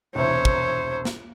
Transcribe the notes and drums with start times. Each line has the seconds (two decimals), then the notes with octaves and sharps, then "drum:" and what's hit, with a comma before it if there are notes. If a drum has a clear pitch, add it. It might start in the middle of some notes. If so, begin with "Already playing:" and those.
0.15 E1 C2 C5 C#5
0.45 drum: kick
1.05 drum: snare